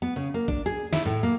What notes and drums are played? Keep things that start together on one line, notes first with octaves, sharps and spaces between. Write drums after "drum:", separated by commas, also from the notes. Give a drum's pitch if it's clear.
B3
C#3
A#3
D4, drum: kick
G#4
E4, drum: snare
A2
A#3